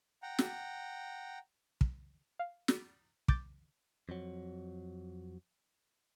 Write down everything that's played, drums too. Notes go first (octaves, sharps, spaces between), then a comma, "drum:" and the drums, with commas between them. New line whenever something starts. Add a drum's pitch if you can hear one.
F#5 G5 A#5
drum: snare
drum: kick
F5
drum: snare
D6 G6 A6, drum: kick
F2 F#3